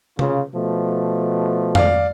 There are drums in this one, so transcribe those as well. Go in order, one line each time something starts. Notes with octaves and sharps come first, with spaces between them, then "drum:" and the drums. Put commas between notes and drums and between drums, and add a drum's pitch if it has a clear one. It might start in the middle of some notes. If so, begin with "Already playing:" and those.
C#3 F4, drum: tom C3
B2 F3 A3
D5 F5, drum: tom F2